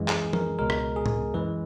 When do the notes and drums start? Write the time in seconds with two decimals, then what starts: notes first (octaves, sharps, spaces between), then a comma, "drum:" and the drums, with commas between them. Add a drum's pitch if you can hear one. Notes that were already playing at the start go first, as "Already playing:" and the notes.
Already playing: F#2 E3 G#3
0.08 G#4, drum: clap
0.33 A#4, drum: tom
0.59 C#2 B2 G#3 A#4
0.70 drum: rim click
0.96 G#4
1.06 drum: tom
1.33 F#2 E3 G#3 B4